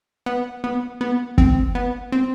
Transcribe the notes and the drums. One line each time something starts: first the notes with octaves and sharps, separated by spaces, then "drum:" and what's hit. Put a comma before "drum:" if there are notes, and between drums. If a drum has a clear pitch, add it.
B3
B3
B3
C4, drum: kick
B3
C4